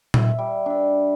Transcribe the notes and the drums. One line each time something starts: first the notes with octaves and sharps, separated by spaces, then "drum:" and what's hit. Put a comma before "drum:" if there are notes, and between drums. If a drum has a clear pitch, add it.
E5, drum: tom A#2
G3
D4 E5